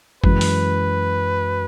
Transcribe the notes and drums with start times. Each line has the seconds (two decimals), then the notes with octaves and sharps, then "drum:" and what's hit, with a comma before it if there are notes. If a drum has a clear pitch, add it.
0.24 F#2 E3 G#3 B4, drum: kick G1
0.41 drum: open hi-hat